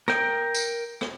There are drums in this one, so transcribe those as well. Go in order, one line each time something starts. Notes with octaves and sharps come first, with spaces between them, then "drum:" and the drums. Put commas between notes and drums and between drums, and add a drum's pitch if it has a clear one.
A#4 G5, drum: rim click
drum: tambourine
drum: rim click